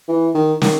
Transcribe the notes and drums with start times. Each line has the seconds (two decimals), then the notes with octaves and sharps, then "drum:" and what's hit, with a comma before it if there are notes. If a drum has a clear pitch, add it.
0.08 E3
0.34 D#3
0.62 D#3, drum: snare